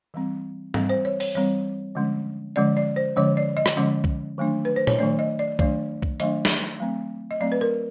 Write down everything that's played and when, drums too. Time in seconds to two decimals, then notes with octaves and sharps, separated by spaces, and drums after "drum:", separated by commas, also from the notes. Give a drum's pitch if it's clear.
0.14 E3 G3 C4
0.74 E3 G3 C4, drum: tom G#2
0.89 C5
1.05 C#5
1.20 C#5, drum: open hi-hat
1.35 E3 G3 C4 C#5
1.95 D3 F3 G#3 C#4
2.56 D3 F3 G#3 C#4 D5
2.77 D5
2.96 C5
3.16 D3 F3 G#3 C#4 C#5
3.37 D5
3.57 D#5
3.66 drum: rim click
3.77 D3 F3 G#3 C#4
4.04 drum: kick C2
4.38 D#3 F#3 A3 D4
4.65 B4
4.76 C5
4.87 C#5, drum: tom A#2
4.99 D#3 F#3 A3 D4 D5
5.19 D#5
5.39 D5
5.59 D#3 F#3 A3 D4 D5, drum: kick C2
6.02 drum: kick C2
6.20 D#3 F#3 A3 D4 D#5, drum: hi-hat
6.45 drum: snare
6.80 F#3 A3 C4
7.31 D#5
7.40 F#3 A3 C4 D5
7.52 B4
7.61 A#4